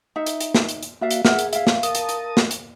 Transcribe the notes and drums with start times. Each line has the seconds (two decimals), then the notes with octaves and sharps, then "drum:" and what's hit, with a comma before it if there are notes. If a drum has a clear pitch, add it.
0.16 D#4 E5
0.26 drum: hi-hat
0.40 drum: hi-hat
0.54 drum: snare
0.69 drum: hi-hat
0.83 drum: hi-hat
1.01 A#3 F#4 D5 E5 F5
1.11 drum: hi-hat
1.25 G#4 A#4 E5 F#5, drum: snare
1.39 drum: hi-hat
1.53 E5 F5, drum: hi-hat
1.67 drum: snare
1.83 A#4 A5 D#6, drum: hi-hat
1.95 drum: hi-hat
2.09 drum: hi-hat
2.37 drum: snare
2.51 drum: hi-hat